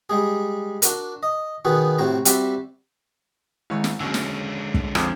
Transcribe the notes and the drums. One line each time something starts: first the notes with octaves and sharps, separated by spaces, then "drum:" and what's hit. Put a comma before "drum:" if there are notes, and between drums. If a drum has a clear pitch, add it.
G3 G#3 G#4
D4 F#4 A#4, drum: hi-hat
D#5
B2 D#3 B3 F#4 G#4
A2 C3 C4 F#4 A#5
G3 C4 F#4 D5 E5, drum: hi-hat
C2 D#3 E3 G#3 E4 C#5
drum: snare
D#2 D3 F#3 G#3 C#4 E6
drum: snare
drum: kick
F2 F3 D6 D#6 G#6, drum: rim click